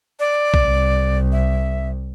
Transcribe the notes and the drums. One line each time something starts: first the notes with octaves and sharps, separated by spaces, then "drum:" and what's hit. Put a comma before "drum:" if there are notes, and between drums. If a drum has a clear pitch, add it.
D5
drum: kick B1
C2
E5